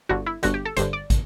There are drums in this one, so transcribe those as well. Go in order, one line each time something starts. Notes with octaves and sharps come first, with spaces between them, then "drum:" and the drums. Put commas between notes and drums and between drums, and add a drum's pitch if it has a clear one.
G1 G2 D3 F#4
E4
G1 G2 D3 F#4, drum: hi-hat
G4
A4
G1 G2 D3 C5, drum: hi-hat
D5
drum: kick, hi-hat